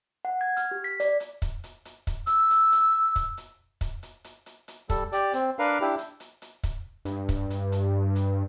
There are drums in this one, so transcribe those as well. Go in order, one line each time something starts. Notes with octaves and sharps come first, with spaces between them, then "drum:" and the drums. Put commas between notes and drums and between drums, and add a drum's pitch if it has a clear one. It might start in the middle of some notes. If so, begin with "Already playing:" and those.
F#5
G#6
F6, drum: hi-hat
G4
B6
D5, drum: hi-hat
drum: hi-hat
drum: kick, hi-hat
drum: hi-hat
drum: hi-hat
drum: kick, hi-hat
E6, drum: hi-hat
drum: hi-hat
drum: hi-hat
drum: kick, hi-hat
drum: hi-hat
drum: kick, hi-hat
drum: hi-hat
drum: hi-hat
drum: hi-hat
drum: hi-hat
G3 A4, drum: kick, hi-hat
G4 D5, drum: hi-hat
C4, drum: hi-hat
D4 A#4 B4 F5
D4 E4 G4
drum: hi-hat
drum: hi-hat
drum: hi-hat
drum: kick, hi-hat
G2, drum: hi-hat
drum: kick, hi-hat
drum: hi-hat
drum: hi-hat
drum: hi-hat